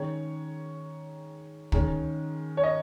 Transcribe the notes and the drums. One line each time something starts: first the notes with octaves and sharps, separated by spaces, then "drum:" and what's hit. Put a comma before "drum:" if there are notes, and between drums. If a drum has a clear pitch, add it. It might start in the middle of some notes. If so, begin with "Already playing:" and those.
Already playing: D#3 G#3 C#4 C#5
D#3 G#3 C#4, drum: kick
C#5
D#5